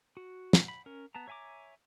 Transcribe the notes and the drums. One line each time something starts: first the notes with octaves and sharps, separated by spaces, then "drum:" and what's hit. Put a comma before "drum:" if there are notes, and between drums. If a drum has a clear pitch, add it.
F#4
drum: snare
B5
C#4 A#4
B3 A5 A#5
C#5 E5 G#5 A#5 D6